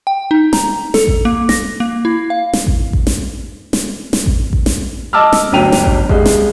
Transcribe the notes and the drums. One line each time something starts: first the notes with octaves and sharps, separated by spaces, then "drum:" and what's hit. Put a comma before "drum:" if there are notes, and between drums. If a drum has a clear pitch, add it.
G5
D#4
A#5, drum: snare
A4, drum: snare
drum: kick A1
A#3
A#6, drum: snare
A#3
E4
F5
drum: snare
drum: kick A1
drum: kick A1
drum: snare
drum: snare
drum: snare
drum: kick A1
drum: kick A1
drum: snare
D#5 A5 D6 E6 F6
drum: snare
G1 D2 F#3 G5 D#7 F7
drum: snare
drum: kick A1
C2 G#3, drum: kick A1
drum: snare